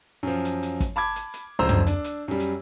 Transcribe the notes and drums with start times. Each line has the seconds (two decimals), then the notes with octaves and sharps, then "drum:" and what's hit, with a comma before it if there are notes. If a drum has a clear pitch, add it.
0.23 F#2 F3
0.45 drum: hi-hat
0.63 drum: hi-hat
0.80 drum: kick, hi-hat
0.96 A5 B5 D6 G#6
1.16 drum: hi-hat
1.34 drum: hi-hat
1.59 D1 C#3 F3 C5 A#5 E6
1.69 drum: tom
1.87 D4, drum: hi-hat
2.04 drum: hi-hat
2.28 F#2 G3
2.40 drum: hi-hat